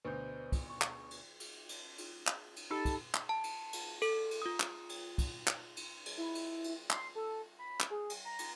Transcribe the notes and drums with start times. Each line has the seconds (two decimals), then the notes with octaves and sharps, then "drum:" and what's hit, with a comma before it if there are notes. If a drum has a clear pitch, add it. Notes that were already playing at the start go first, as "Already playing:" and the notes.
0.05 D2 B2 B4 C5 G6
0.52 drum: kick, cymbal
0.70 C#6
0.82 drum: clap
1.11 drum: cymbal
1.40 drum: cymbal
1.69 drum: cymbal
1.98 drum: cymbal
2.27 drum: clap
2.56 drum: cymbal
2.70 D#4 G4 A4 B5
2.85 drum: kick, cymbal
3.14 drum: clap
3.29 A5
3.44 drum: cymbal
3.73 drum: cymbal
4.02 A4, drum: cymbal
4.31 drum: cymbal
4.42 F4 D#6
4.60 drum: clap
4.89 drum: cymbal
5.18 drum: kick, cymbal
5.47 drum: clap
5.77 drum: cymbal
6.06 drum: cymbal
6.18 E4
6.35 drum: cymbal
6.64 drum: cymbal
6.90 C6, drum: clap
7.15 A4
7.59 B5
7.80 drum: clap
7.90 G#4
8.10 drum: cymbal
8.25 A#5
8.39 drum: cymbal